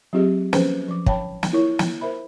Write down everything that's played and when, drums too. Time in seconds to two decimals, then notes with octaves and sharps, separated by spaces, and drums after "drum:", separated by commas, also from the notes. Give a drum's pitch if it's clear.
0.13 F#3 C4 F4 G4 G#4 D#5
0.53 F3 C#4 G#4 B4 C5, drum: snare
0.88 F3 D6
1.06 C#5 F5 G5 A5 B5, drum: kick
1.43 drum: snare
1.53 E4 F4 A#4 C#5 C#6
1.79 drum: snare
2.01 A#4 C5 E5 B5